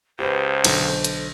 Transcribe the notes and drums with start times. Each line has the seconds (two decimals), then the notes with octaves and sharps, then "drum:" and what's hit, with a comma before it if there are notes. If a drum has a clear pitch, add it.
0.19 C#2 G4 B4 C5
0.64 B1 D3, drum: cymbal
1.04 drum: hi-hat